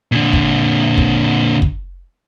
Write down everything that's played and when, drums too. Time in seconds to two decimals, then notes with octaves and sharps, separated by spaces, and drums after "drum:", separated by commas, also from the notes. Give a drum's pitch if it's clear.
0.12 A#2 D3
0.33 drum: kick
0.98 drum: kick
1.62 drum: kick